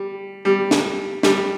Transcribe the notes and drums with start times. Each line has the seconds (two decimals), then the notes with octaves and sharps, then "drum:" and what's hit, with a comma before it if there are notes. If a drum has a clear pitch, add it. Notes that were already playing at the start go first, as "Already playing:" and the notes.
Already playing: G3
0.45 G3
0.71 drum: snare
1.23 G3, drum: snare